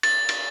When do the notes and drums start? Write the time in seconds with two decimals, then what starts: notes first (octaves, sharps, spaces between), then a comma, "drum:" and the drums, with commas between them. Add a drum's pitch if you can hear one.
0.03 A6, drum: cymbal
0.29 drum: cymbal